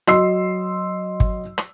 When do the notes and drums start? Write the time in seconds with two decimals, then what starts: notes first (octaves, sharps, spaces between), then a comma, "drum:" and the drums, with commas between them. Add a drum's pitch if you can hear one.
0.07 F#3 D#5 C6 E6 C7, drum: rim click
1.20 drum: kick
1.58 drum: rim click